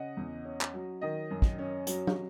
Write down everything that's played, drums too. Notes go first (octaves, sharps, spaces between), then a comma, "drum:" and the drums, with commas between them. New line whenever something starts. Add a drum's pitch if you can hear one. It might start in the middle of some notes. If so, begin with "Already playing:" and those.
Already playing: C#3 D#5 F#5
E2
C#4
drum: clap
F#3
D#3 D#5
F#2
drum: kick
C#4
F#3, drum: hi-hat
drum: tom